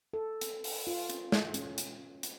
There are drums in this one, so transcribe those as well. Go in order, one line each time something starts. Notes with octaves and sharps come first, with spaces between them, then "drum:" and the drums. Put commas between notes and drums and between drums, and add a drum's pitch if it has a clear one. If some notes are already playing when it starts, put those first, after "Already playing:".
A4
drum: hi-hat
drum: open hi-hat
F4
drum: hi-hat
drum: snare
C#4, drum: hi-hat
drum: hi-hat
drum: hi-hat